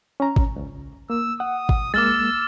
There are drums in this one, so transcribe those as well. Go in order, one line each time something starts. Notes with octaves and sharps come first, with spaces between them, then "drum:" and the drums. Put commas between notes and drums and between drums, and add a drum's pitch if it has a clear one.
C#4 A#5
drum: kick G#1
C#2
A#3 E6
F#5 D#6
drum: kick G#1
G#3 A#3 D6 E6 F6 A6